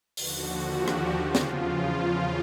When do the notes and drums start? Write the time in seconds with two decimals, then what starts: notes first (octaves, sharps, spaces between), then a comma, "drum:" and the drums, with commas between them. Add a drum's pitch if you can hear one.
0.17 D#2 D3 F3 F#4, drum: open hi-hat
0.66 G4
0.88 drum: rim click
1.14 E2 C#3 F3 F4
1.35 drum: snare